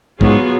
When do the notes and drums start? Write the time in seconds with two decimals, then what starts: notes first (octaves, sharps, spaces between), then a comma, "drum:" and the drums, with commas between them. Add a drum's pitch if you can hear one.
0.21 G#2 F#3 B3 F4 G#4 C#5, drum: kick